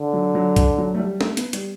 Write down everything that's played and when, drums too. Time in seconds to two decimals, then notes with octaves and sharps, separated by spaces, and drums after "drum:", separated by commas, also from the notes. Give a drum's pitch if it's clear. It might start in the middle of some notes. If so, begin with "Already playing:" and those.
Already playing: D3
0.13 F#3
0.35 F#3
0.56 drum: kick B1, hi-hat
0.78 F#3
0.95 A3
0.99 G3
1.21 A3, drum: snare
1.37 B3, drum: hi-hat
1.53 G3, drum: hi-hat